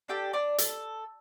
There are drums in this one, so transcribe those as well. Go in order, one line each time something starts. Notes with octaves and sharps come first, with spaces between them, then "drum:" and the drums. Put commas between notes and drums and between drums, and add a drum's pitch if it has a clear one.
D4 G4 A4 G5
D4 D5
A4, drum: hi-hat